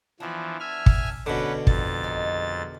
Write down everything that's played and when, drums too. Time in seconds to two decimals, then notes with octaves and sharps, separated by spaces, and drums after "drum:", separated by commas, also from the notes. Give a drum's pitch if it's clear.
0.20 E3 F3 B3 D4
0.60 E5 G#5 F6
0.86 drum: kick
1.26 B2 D3 B3 C#4 B4
1.67 F2 A6, drum: kick
2.03 G#3 D#4